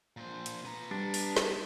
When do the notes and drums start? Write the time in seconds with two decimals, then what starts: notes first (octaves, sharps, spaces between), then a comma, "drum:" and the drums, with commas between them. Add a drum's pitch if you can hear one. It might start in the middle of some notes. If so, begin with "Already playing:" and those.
0.17 A#2 C5
0.46 drum: hi-hat
0.65 B3 A#5
0.91 G3 D4
1.14 drum: open hi-hat
1.37 drum: snare